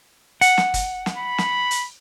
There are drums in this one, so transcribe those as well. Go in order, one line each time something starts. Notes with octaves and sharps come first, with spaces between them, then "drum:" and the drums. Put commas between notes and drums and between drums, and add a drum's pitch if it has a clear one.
F#5, drum: hi-hat
drum: snare
drum: kick, hi-hat
drum: snare
B5
drum: snare
drum: hi-hat